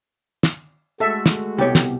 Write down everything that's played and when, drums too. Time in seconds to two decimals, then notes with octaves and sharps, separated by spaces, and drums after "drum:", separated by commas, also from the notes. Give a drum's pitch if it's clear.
0.43 drum: snare
1.00 G#3 A3 F#4 A4 E5
1.26 drum: snare
1.58 C2 B2 G4 A4 C#5
1.75 drum: snare